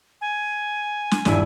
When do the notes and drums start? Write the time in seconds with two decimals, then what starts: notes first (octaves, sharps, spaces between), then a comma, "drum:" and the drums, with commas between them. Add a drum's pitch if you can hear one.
0.21 G#5
1.11 drum: snare
1.25 D#1 G2 E4, drum: snare